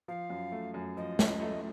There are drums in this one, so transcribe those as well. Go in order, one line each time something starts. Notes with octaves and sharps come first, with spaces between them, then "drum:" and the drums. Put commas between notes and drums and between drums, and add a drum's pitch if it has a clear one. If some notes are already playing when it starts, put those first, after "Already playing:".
F3 F5
F#2
A3
F#2
F3 D#5
F#2, drum: snare
A3